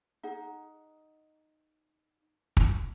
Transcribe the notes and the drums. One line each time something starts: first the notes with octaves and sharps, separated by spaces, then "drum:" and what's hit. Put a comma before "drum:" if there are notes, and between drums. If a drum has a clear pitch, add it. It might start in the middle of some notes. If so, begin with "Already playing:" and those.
D#4 G#4 F#5
drum: kick